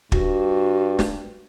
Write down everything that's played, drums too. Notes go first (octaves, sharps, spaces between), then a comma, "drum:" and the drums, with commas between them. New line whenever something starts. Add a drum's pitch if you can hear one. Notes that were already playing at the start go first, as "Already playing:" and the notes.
G2 F#4, drum: kick
drum: snare